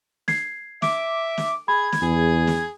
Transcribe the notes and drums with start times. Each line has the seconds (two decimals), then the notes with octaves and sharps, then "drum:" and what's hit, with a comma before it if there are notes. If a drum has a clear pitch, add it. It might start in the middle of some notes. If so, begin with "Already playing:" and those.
0.28 G#6 C7, drum: snare
0.82 E5 D6, drum: snare
1.38 drum: snare
1.68 G#4 B5 G#6
1.92 drum: snare
2.02 E2 G#4
2.47 drum: snare